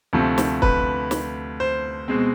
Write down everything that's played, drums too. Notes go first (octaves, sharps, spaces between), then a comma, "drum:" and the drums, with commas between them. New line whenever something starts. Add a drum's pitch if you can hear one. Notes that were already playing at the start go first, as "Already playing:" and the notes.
D2 C3 F3 A3
drum: snare
B4, drum: kick
drum: snare
C5
B2 G#3 C4